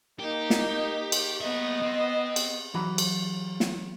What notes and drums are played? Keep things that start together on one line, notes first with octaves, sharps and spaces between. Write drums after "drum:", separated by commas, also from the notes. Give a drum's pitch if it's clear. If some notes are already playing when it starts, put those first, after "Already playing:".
A#3 D#4 G4
drum: snare
drum: cymbal
A#3 B3 D#5 E5
C4
drum: cymbal
E3 F#3 F#4 A#5 B5
drum: cymbal
drum: snare